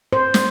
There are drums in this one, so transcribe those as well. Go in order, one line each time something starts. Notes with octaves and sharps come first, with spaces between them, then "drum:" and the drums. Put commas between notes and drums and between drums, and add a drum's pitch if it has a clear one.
C5
drum: snare